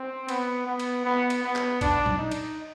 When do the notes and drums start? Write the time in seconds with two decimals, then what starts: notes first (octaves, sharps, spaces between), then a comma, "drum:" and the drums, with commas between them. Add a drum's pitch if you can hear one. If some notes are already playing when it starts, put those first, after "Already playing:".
Already playing: C4
0.29 B3, drum: cymbal
0.67 B3
0.80 drum: cymbal
1.05 B3
1.30 drum: cymbal
1.43 B3
1.55 drum: clap
1.81 D4, drum: kick A#1, cymbal
2.06 drum: tom
2.18 D#4
2.31 drum: cymbal